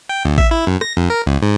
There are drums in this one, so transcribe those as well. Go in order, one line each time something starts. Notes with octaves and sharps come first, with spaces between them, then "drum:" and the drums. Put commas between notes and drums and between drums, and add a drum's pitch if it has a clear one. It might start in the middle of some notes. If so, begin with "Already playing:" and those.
G5
D2
E5, drum: kick A1
E4
F#2
A#6, drum: rim click
F2
A#4
C#2
G#2